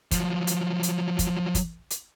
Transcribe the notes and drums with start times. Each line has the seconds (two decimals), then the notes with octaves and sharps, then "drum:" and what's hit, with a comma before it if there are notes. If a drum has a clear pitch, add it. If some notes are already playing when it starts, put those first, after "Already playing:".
0.11 F3 F#3, drum: kick, hi-hat
0.47 drum: hi-hat
0.83 drum: hi-hat
1.19 drum: kick, hi-hat
1.55 drum: kick, hi-hat
1.90 drum: hi-hat